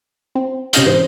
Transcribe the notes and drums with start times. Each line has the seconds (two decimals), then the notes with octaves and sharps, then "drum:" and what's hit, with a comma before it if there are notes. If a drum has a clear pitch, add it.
0.35 C4
0.73 C3 C#4 D#5 F5 G6, drum: hi-hat
0.86 G#2 E3 C5